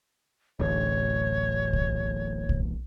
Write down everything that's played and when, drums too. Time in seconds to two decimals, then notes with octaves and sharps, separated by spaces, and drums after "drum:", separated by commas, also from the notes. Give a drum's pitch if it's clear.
0.60 D1 A1 C#5
1.73 drum: kick
2.49 drum: kick